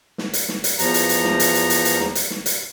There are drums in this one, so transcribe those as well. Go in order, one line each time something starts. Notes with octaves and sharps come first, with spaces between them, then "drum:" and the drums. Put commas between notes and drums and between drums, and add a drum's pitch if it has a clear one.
drum: snare
drum: hi-hat
drum: snare
drum: hi-hat
E2 F3 A#5, drum: hi-hat
drum: hi-hat
drum: hi-hat
drum: snare
drum: hi-hat
drum: hi-hat
drum: hi-hat
drum: hi-hat
drum: snare
drum: hi-hat
drum: snare
drum: hi-hat